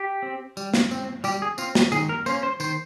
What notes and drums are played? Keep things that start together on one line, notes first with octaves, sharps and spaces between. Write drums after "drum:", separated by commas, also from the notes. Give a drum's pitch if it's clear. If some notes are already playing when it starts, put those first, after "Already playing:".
Already playing: G4
C4
G3, drum: tambourine
drum: snare
C4, drum: tambourine
G3 G4, drum: tambourine
G#4
C4 F4, drum: tambourine
drum: snare
D#3 G#4, drum: tambourine
A#4
A#3 C#4 C5, drum: tambourine
C5
D#3 C5, drum: tambourine